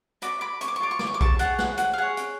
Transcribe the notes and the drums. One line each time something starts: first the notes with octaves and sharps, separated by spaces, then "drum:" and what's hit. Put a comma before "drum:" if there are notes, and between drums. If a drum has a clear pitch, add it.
F#4 A4 D5 B5 D6, drum: hi-hat
B5 D6
C#6, drum: hi-hat
D6
C#6
F4 A4 C#5 D6
C#6
D6, drum: snare
C#6
D6
A5 C#6, drum: kick A#1
G#4 C#5 F#5 A5, drum: hi-hat
F#5, drum: snare
F#5, drum: hi-hat
F5
G#4 C#5 F#5
drum: hi-hat